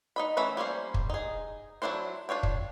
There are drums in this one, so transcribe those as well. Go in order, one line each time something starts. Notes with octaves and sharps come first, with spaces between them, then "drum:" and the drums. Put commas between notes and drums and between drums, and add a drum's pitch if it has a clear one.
D#4 D#5 B5
E3 A3 C#4 E5 B5
G3 A#3 C#4 C5
drum: kick
D#4 G#4
F#3 A#3 D4 E4 C5
D4 F4 C#5 G5
drum: kick